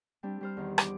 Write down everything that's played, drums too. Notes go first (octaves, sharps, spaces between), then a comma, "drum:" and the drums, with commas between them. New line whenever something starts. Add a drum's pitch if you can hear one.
G3 C4 D4 G4
G3 C5 F6
E2 D#3
D6, drum: rim click